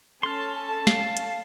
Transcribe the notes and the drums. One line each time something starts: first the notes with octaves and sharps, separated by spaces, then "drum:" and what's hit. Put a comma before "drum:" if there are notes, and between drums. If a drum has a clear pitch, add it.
C#4 A4 A5 C6 F6
F5, drum: snare
drum: hi-hat